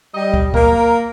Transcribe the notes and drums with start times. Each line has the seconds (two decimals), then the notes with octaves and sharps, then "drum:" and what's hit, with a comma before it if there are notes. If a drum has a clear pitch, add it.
0.14 G3 D#5
0.34 drum: kick
0.54 A#3 A#4, drum: kick